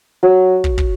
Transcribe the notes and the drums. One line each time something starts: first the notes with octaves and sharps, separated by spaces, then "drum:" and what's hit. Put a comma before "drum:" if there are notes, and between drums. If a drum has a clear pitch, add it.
F#3
drum: kick
drum: kick